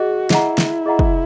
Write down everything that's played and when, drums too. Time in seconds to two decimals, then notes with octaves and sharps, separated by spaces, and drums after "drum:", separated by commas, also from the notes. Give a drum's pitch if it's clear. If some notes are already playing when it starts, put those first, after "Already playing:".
Already playing: F#4 G#4 D#5
0.30 E4 G#4 D#5 F#5 A#5, drum: snare
0.58 drum: snare
0.86 G#4 D#5 F#5 A#5
0.99 drum: kick